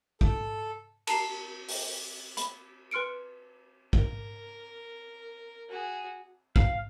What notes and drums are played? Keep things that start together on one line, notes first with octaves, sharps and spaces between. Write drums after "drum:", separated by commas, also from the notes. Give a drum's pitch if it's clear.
A4, drum: kick
A5 A#5 C7 E7, drum: cymbal
drum: open hi-hat
B5, drum: hi-hat
B4 C6 F6 C#7 D7
A#4, drum: kick
F#4 G#4
F5, drum: kick